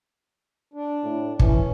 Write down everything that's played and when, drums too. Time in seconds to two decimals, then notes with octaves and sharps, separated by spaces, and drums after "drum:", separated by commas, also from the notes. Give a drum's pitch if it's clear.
0.74 D4
1.04 A2
1.39 E3 C#4, drum: kick